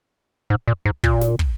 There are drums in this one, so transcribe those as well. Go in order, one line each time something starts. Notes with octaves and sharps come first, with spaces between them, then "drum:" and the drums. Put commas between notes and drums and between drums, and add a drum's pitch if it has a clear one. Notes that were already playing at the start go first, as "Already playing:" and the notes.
G#2
A#2
G#2
A#2, drum: kick
drum: snare
drum: kick